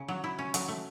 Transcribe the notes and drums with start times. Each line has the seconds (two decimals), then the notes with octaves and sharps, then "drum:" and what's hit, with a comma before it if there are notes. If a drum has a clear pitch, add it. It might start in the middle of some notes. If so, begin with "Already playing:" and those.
Already playing: C#3
0.08 F#3
0.24 E4
0.39 C#4
0.54 F#3, drum: hi-hat
0.68 A3